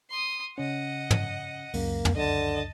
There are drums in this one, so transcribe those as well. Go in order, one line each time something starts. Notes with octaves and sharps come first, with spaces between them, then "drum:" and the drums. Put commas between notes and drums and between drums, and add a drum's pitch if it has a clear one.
C6 D#6
C#3 C#4 D#5 F#5
drum: tom
C#2 F#2 C#3 A#3, drum: open hi-hat
drum: tom
D3 D#5 A5